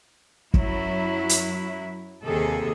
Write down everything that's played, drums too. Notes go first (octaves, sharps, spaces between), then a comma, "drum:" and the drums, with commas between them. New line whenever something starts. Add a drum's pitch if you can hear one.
F#2 F#3 E4, drum: kick
drum: hi-hat
D#2 C3 G#4 A4